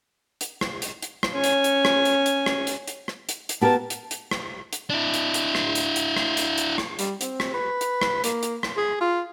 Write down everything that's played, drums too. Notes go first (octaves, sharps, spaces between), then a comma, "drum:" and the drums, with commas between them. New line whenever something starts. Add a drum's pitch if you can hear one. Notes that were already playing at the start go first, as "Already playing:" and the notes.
drum: hi-hat
drum: rim click
drum: hi-hat
drum: hi-hat
drum: rim click
C#4 G#5
drum: hi-hat
drum: hi-hat
drum: rim click
drum: hi-hat
drum: hi-hat
drum: rim click
drum: hi-hat
drum: hi-hat
drum: rim click
drum: hi-hat
drum: hi-hat
B3 G4 A#4 A5
drum: hi-hat
drum: hi-hat
drum: rim click
drum: hi-hat
D4 E4
drum: hi-hat
drum: hi-hat
drum: rim click
drum: hi-hat
drum: hi-hat
drum: rim click
drum: hi-hat
drum: hi-hat
drum: rim click
G3, drum: hi-hat
C4, drum: hi-hat
drum: rim click
B4
drum: hi-hat
drum: rim click
A#3, drum: hi-hat
drum: hi-hat
drum: rim click
G#4
F4